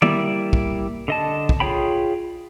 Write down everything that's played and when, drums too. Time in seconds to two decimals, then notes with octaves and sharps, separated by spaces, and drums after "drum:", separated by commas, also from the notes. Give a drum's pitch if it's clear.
0.02 G3 A#3 E4 D5, drum: tom D#3
0.53 drum: kick
1.08 D3 D#5 A5
1.49 drum: kick
1.60 F4 G#4 C#5 G5 B5